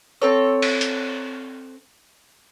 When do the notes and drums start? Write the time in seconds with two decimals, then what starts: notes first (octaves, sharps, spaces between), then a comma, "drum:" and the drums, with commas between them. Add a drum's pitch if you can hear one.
0.22 C4 A4 C#5
0.62 drum: cymbal
0.81 drum: hi-hat